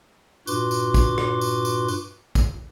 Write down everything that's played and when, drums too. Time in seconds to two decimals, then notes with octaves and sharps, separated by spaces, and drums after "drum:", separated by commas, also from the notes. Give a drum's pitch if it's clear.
0.47 G2 A#2 F#4 B4 C6 D6, drum: tambourine
0.71 drum: tambourine
0.94 drum: kick, tambourine
1.18 drum: rim click
1.41 drum: tambourine
1.65 drum: tambourine
1.88 drum: tambourine
2.35 drum: kick, tambourine